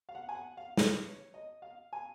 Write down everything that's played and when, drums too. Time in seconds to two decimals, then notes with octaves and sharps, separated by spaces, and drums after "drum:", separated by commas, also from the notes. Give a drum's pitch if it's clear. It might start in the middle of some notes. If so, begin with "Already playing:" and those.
0.09 F5
0.15 F#5
0.29 G#5
0.35 F#5
0.57 F5
0.77 C#5, drum: snare
0.95 B4
1.06 C#5
1.34 D#5
1.62 F5
1.93 G#5